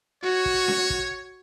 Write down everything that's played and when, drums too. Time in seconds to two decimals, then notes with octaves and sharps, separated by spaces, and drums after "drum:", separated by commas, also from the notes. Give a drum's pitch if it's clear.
0.23 F#4 C#5
0.45 drum: kick
0.68 drum: snare C#4
0.90 drum: kick